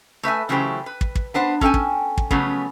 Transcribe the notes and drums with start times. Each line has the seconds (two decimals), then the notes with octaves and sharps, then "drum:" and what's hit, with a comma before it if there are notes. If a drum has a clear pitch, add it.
0.23 A3 B4 E5 G#5
0.49 C#3 E3 F#3 A3 G4 C5
0.86 B4
1.01 drum: kick
1.15 drum: kick
1.34 B3 D4 C5 F#5 A5
1.61 C#4 A4 F5 G5 G#5, drum: kick
1.74 drum: kick
2.18 drum: kick
2.31 C#3 F3 F#3 A3 B3 C#4, drum: kick